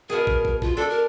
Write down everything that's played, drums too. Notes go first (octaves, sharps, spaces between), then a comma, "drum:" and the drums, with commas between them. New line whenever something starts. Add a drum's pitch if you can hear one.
B2 G#4 A#4
drum: kick
drum: kick
F4, drum: kick
D4 A4
A#4